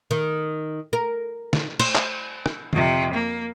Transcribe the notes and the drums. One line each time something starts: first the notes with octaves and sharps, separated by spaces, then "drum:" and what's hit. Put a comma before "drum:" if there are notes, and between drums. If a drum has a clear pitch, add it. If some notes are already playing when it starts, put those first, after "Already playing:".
D#3
A#4
drum: snare
C5, drum: cymbal
drum: clap
drum: rim click
F2 C3, drum: tom D3
A#3